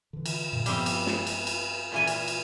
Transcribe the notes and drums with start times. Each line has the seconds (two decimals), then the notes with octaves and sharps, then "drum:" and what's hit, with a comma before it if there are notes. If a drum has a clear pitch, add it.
0.13 D3 E3
0.26 drum: cymbal
0.52 F#2 A#2 D3
0.66 G2 F3 G3 B3 C4, drum: cymbal
0.86 drum: cymbal
1.06 drum: snare
1.27 drum: cymbal
1.47 drum: cymbal
1.92 A#2 E3 G#5
2.07 drum: cymbal
2.28 drum: cymbal